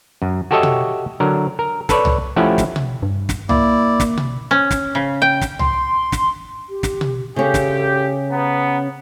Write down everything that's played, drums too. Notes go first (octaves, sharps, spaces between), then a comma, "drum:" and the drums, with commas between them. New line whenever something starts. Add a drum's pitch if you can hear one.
F#2
F#4 G4 A4 C#5 D#5 E5
drum: tom B2
D3 F#3 A#4
A#4
A4 B4 C#5 D5, drum: snare
drum: tom C2
F3 A3 C#4 E4 G4 F#5
drum: snare
drum: tom B2
G2
drum: snare
A#3 E4 D5, drum: tom C2
drum: snare
drum: tom B2
C#4
drum: snare
C#3
G5
drum: snare
C6, drum: tom C2
drum: snare
G4
drum: snare
drum: tom B2
D2 C#3 C#4 G4 A4
drum: snare
B3 A#5